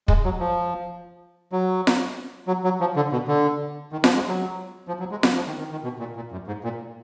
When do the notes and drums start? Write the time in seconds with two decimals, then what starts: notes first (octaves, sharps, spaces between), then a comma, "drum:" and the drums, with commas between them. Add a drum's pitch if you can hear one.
0.08 G#3, drum: kick
0.25 F#3
0.40 F3
1.52 F#3
1.87 drum: snare F4
2.47 F#3
2.64 F#3
2.80 F3
2.96 D3
3.12 B2
3.28 D3
3.92 D#3
4.04 F3, drum: snare F4
4.15 G#3
4.28 F#3
4.88 F3
4.99 F#3
5.11 G#3
5.23 F#3, drum: snare F4
5.36 F3
5.47 D#3
5.59 D#3
5.72 D#3
5.84 B2
6.00 A#2
6.16 A#2
6.32 F#2
6.47 G#2
6.64 A#2